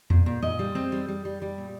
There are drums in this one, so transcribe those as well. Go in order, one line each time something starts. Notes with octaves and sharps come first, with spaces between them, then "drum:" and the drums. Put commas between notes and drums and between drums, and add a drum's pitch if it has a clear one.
A#2, drum: tom E2
A#2
A#2 D#5
G3
C4
G3
G3
G3
G3
A#2